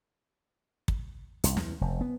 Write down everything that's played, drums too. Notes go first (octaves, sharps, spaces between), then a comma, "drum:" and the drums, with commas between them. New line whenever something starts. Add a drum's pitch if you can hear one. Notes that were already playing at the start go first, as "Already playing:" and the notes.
drum: kick
C2, drum: hi-hat
E2, drum: snare
F1
B3